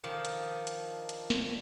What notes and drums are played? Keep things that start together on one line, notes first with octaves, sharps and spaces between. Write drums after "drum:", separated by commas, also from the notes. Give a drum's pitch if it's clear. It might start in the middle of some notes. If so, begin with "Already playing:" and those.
D#3 F3 D4
drum: hi-hat
drum: hi-hat
drum: hi-hat
drum: snare